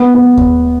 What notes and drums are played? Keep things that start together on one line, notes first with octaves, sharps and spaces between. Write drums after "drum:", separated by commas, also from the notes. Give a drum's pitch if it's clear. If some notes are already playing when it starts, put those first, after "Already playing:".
Already playing: B3
B3
drum: kick D#2